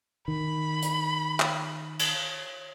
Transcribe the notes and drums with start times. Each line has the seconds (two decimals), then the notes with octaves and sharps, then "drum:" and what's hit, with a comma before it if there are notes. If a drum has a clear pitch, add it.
0.28 D#3 B5
0.82 drum: hi-hat
1.40 drum: clap
1.99 drum: cymbal